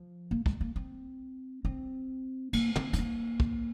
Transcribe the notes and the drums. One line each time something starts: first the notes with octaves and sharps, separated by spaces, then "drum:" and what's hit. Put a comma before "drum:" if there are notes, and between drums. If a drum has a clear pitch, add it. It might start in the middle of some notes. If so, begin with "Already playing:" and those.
Already playing: F3
A#3
G#3, drum: kick
A#3
C4
C4
A#3, drum: cymbal
C4, drum: tom
C4, drum: hi-hat
A#3
drum: kick